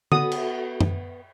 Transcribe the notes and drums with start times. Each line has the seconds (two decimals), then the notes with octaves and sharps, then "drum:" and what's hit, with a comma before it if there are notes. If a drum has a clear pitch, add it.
0.12 B3 F#4 A4 F#5 D#6, drum: tom D3
0.32 drum: cymbal
0.81 drum: tom F#2